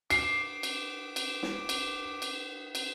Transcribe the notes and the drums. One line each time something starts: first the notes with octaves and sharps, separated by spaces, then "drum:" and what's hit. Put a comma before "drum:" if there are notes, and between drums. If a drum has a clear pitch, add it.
D6 C7, drum: cymbal
drum: cymbal
drum: cymbal
drum: snare
drum: cymbal
drum: cymbal
drum: cymbal